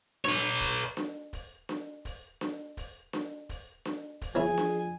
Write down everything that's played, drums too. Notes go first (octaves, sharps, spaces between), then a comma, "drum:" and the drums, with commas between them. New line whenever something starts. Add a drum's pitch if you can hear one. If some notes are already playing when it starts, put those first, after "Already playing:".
B4 C#5, drum: snare D4
drum: kick D#1, open hi-hat
drum: snare D4
drum: kick D#1, open hi-hat
drum: snare D4
drum: kick D#1, open hi-hat
drum: snare D4
drum: kick D#1, open hi-hat
drum: snare D4
drum: kick D#1, open hi-hat
drum: snare D4
drum: kick D#1, open hi-hat
E3 F3 C#4 E4 G#4 G#5
drum: snare D4